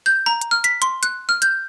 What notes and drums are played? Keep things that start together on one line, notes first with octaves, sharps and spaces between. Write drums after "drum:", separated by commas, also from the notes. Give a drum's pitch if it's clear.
G6
A#5
drum: hi-hat
F6
B6, drum: hi-hat
C6, drum: hi-hat
F#6, drum: hi-hat
F6
G6, drum: hi-hat